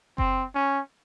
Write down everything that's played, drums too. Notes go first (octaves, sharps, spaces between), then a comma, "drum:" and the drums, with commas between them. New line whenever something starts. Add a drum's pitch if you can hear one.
C4, drum: kick F#1
C#4